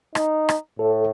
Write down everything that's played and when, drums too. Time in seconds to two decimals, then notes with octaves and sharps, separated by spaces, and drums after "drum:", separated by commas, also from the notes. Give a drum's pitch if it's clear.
0.15 D#4, drum: rim click
0.49 drum: rim click
0.79 A2 A4